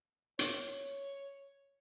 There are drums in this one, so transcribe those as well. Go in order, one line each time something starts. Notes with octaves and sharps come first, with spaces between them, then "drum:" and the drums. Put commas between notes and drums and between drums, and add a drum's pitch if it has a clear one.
C#5, drum: hi-hat